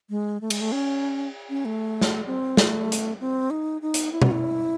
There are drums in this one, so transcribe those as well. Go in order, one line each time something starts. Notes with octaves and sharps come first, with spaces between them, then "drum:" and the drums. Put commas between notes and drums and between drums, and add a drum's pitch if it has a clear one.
G#3
A3
G#3, drum: cymbal
A3
C#4
C#4
A3
drum: snare
C4
A3, drum: snare
drum: hi-hat
C4
D#4
D#4
drum: hi-hat
E4
F#4, drum: tom B2
E4